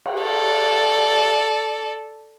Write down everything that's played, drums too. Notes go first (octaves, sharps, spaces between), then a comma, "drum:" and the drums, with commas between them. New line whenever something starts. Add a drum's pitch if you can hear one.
drum: cymbal
A4 D5